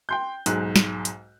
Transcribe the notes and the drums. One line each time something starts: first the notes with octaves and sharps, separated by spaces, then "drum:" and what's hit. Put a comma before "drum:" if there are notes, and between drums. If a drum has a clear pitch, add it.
G5 C6 G6
B1 G#2 F#6, drum: hi-hat
drum: snare
drum: hi-hat